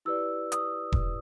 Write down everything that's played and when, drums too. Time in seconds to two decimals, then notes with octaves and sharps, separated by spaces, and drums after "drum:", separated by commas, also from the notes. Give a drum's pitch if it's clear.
0.05 E4 G4 B4 D5 E6
0.52 D#6, drum: hi-hat
0.92 drum: kick E1